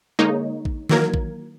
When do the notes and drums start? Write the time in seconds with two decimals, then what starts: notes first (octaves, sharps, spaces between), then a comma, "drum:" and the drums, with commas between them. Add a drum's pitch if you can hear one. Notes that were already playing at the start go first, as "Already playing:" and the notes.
0.19 D3 G#3 A#3 D#4 C#5
0.65 drum: kick A1
0.89 D#3 E3 F#3 A#3 A#4 G#6, drum: snare
1.14 drum: kick A1